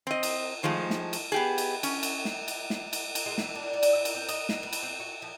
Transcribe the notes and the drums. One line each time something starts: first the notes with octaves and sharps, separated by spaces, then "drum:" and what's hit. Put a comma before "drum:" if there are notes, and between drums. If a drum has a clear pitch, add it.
C4 D#5
drum: cymbal
D#3 F3 G#3 A3
drum: snare
drum: cymbal
B3 G4 G#4
drum: cymbal
C#4, drum: cymbal
drum: cymbal
drum: snare
drum: cymbal
drum: snare
drum: cymbal
drum: cymbal
G#3
E3, drum: snare
D4
D5
drum: cymbal
E4
drum: cymbal
C4
D#5, drum: cymbal
D#4, drum: snare
B4
drum: cymbal
C4
F#4
F3